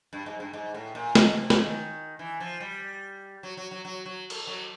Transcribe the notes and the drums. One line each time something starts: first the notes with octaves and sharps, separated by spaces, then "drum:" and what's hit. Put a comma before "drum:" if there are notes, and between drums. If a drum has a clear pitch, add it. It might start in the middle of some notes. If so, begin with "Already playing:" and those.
G2
G#2
G2
G#2
A2
A#2
B2, drum: snare
C3
C#3, drum: snare
D#3
E3
F3
G3
F#3
F#3
F#3
F#3
F#3
drum: cymbal
F#3